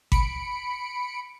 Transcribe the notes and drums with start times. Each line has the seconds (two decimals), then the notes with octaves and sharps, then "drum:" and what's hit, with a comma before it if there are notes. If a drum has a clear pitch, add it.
0.12 B5 C#7 D7, drum: kick G#1